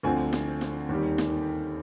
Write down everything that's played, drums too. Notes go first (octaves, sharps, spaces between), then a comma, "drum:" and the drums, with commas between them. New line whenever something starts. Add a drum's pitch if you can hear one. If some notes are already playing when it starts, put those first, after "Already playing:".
D2 D3 F3 C4 G#5
drum: snare
drum: snare
D#2 D#3 G3
drum: snare